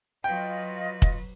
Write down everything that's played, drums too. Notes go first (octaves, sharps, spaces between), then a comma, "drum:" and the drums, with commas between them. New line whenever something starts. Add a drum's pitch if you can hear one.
F#3 F4 B4 D#5 G5
drum: kick